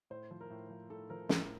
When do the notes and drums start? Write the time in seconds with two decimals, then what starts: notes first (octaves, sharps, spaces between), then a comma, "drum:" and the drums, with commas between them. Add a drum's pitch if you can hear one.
0.10 A2 C5
0.31 F3
0.41 A#4
0.50 A2
0.70 F3
0.90 A2 A4
1.10 F3 A#4
1.29 A2 A#4, drum: snare